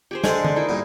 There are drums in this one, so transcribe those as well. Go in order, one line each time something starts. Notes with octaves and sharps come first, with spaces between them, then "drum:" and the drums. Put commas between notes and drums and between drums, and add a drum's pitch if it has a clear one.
G4 G#4 C5
D3 G#3 G#4 A4 C5 D5, drum: snare
drum: tom D3
D#4 E4 A#4
G2 A#2